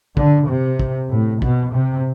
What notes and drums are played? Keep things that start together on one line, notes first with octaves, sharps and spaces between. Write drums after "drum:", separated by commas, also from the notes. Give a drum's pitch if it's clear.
D3, drum: kick
C3
drum: kick
A2
B2, drum: kick
C3